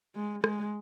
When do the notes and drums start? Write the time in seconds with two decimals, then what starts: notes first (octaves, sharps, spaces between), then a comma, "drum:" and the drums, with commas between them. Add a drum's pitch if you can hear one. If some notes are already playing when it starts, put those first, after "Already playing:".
0.15 G#3
0.44 G#3, drum: rim click